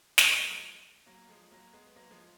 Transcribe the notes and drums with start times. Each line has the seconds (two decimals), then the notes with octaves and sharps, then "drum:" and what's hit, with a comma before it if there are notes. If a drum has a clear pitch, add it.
0.18 A#3 C#4, drum: snare
0.28 G#3 B3
0.39 F#3 A#3
0.50 F3 G#3
1.06 F#3 A#3
1.29 F3 G#3
1.51 F#3 A#3
1.73 G#3 B3
1.96 F#3 A#3
2.11 F3 G#3